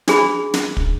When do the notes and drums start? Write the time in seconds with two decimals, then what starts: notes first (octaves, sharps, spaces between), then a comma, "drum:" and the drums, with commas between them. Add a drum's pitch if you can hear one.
0.08 D4 G#4 B5, drum: snare
0.54 drum: snare
0.77 drum: kick